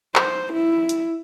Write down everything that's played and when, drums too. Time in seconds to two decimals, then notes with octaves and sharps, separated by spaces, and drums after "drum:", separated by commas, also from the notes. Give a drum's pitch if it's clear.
0.16 C5, drum: clap
0.53 E4
0.89 drum: hi-hat